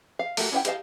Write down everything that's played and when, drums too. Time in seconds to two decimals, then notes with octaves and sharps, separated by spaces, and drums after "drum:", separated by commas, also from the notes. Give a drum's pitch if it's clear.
0.19 F5
0.37 A3 A#3 F#4 G4, drum: open hi-hat
0.52 C#4 E4 C#5 F#5 G5
0.65 E4 G4 D#5 F5 A5, drum: hi-hat